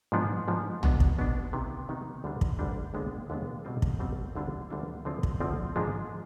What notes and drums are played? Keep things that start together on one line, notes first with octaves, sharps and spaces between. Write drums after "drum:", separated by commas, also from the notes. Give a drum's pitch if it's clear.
G#2 F3 B3 D4
G#2 F3 B3 D4
B2 B3 D4, drum: tom A#1
drum: kick
B2 B3 D4
C3 D#3 B3 D#4
C3 D#3 B3 D#4
D2 D3 G3 D4
drum: kick
D2 D3 G3 D4
D#2 D3 G#3 B3 D4
D#2 D3 G#3 B3 D4
B2 G3 C4 F4
drum: kick
B2 G3 C4 F4
D2 D3 G3 D4 F4
D2 D3 G3 D4 F4
D2 D3 F3 C4 F4
drum: kick
D2 D3 F3 C4 F4
G#2 F3 G#3 D4 F4